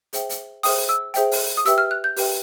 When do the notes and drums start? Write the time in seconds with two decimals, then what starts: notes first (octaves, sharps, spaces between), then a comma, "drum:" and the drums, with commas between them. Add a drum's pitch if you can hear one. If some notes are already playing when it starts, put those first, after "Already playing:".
0.13 G#4 C5 E5 G5, drum: hi-hat
0.29 drum: hi-hat
0.63 G#4 C5 E5 G5 D#6, drum: open hi-hat
0.89 E6
1.14 G#4 C5 E5 G5, drum: hi-hat
1.32 drum: open hi-hat
1.57 D#6
1.65 G4 B4 E5 G5 E6, drum: hi-hat
1.78 F6
1.91 F#6
2.04 G6
2.17 G4 B4 E5 G5, drum: open hi-hat